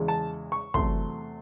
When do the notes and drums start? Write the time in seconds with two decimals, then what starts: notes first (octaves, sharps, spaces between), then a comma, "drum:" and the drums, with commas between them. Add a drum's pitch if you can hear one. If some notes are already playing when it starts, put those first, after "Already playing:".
Already playing: E2 C#3 G#3
0.08 A5
0.52 C#6
0.74 E2 C3 F#3 A3 C6, drum: kick